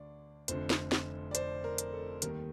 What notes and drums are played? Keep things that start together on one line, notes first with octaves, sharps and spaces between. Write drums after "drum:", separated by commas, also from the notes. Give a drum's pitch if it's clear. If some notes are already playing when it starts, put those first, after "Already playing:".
Already playing: D2 D3 D5
F1 F2 D3 C5, drum: hi-hat
drum: snare
drum: snare
D5
C5, drum: hi-hat
A#4
drum: hi-hat
A4
D#2 D#3 G3 A#4, drum: hi-hat